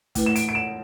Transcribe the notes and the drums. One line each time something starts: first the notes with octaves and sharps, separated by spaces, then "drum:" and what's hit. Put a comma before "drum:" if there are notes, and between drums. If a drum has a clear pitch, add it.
A3 E4 B4, drum: kick, hi-hat
E7
D7, drum: hi-hat
D7
E7